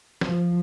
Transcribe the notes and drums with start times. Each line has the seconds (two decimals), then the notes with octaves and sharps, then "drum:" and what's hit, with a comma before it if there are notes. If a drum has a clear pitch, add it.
0.21 F3, drum: snare